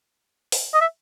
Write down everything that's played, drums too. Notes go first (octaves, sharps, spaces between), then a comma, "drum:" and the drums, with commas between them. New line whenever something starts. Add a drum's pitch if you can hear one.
drum: open hi-hat
D#5
E5